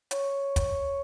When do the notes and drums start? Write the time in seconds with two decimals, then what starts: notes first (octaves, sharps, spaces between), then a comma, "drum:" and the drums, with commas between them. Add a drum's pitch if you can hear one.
0.11 C#5, drum: hi-hat
0.56 drum: kick, hi-hat